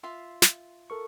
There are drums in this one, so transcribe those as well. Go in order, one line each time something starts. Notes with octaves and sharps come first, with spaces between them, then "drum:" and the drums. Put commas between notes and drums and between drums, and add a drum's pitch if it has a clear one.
F4 E5 C6
drum: snare
A4 A#4 C#6